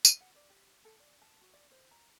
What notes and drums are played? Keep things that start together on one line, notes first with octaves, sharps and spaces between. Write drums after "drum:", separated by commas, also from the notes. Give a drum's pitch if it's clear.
drum: tambourine
F#5
D5
G4
A4
D5
A5
F#4
D5
C5
A#5